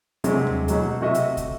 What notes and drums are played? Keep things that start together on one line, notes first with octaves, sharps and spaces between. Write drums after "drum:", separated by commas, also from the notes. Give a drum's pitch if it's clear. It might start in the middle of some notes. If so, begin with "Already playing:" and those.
G2 C3 F#3 G#3, drum: hi-hat
drum: tom D#2
B2 F#3 G#3, drum: hi-hat
C3 A3 F#4 D#5 E5
drum: hi-hat
drum: kick, hi-hat